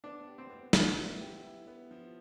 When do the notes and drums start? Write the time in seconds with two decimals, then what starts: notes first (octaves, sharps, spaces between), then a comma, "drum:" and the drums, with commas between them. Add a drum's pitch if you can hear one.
0.04 B3 D4
0.27 G4
0.38 C4
0.50 B3
0.73 B3, drum: snare
0.96 E4
1.20 G4
1.43 E4
1.68 B3
1.91 F3